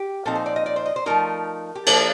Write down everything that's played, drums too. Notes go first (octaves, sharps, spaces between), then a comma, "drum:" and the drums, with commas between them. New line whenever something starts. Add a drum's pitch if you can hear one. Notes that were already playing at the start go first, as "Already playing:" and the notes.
Already playing: G4
A#2 F3 C4 D#4 A4
C5
D5
D#5
D5
C5
D#5
C5
F3 A3 D#4 A#4
G4
F3 A#3 D4 A4, drum: cymbal